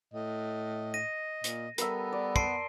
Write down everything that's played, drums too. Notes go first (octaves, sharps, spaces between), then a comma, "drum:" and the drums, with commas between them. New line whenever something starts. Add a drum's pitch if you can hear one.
A2 D#5
A#6 D#7
A#2, drum: hi-hat
G3 B3 A4 A#4 E5, drum: hi-hat
D5
A5 C6 C7 D7, drum: kick